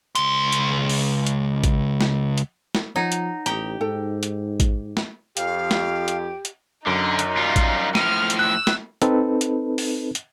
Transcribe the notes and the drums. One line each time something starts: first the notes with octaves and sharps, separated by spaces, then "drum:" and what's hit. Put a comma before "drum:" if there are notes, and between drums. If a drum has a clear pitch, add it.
C#2 C6, drum: hi-hat
drum: hi-hat
drum: open hi-hat
drum: hi-hat
drum: kick A1, hi-hat
drum: snare
drum: hi-hat
drum: snare
F3 D#4 C#5 F#5
drum: hi-hat
A1 D#4 G4 A#5, drum: hi-hat
G#2 A4 G5
drum: hi-hat
drum: kick A1, hi-hat
drum: snare
F2 G4 F5, drum: hi-hat
drum: snare
drum: hi-hat
drum: hi-hat
F#2 D3 D#4
drum: hi-hat
G3 F4
drum: kick A1, hi-hat
A2 F3 F6 D#7, drum: snare
drum: hi-hat
E6 F#6
drum: snare
C4 D#4 A4 B4, drum: hi-hat
drum: hi-hat
drum: open hi-hat
drum: hi-hat